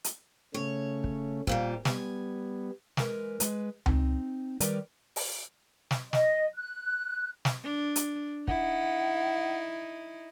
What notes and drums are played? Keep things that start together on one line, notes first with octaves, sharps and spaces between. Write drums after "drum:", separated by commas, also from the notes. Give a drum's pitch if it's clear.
drum: hi-hat
C#3 A3 C#4 C#5
drum: kick
F2 A#2 G3, drum: kick
G3 B3 G#5, drum: snare
E3 G#3 A#4 B4, drum: snare
G#3 B4, drum: hi-hat
C4 D#4, drum: tom C#2
D#3 G3 A#4 B4 D5, drum: hi-hat
drum: open hi-hat
drum: snare
D#5, drum: snare
F#6
drum: snare
D4
drum: hi-hat
D#4 E4 F#5, drum: kick